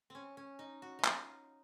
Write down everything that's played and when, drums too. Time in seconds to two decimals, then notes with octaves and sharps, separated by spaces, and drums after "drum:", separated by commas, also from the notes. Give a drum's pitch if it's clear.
0.10 C4 C#4
0.37 C#4
0.59 D#4
0.82 F#4
0.99 D#4
1.04 F4, drum: clap